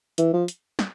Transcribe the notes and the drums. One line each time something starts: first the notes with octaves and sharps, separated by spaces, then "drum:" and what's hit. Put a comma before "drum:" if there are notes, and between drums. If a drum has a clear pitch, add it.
E3, drum: hi-hat
F3
drum: hi-hat
drum: snare